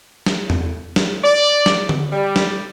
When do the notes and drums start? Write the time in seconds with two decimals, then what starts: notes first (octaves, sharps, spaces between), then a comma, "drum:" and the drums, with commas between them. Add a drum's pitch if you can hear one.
0.26 drum: snare
0.50 drum: tom E2
0.96 drum: snare
1.24 D5
1.66 drum: snare
1.89 drum: tom D3
2.13 G3
2.36 drum: snare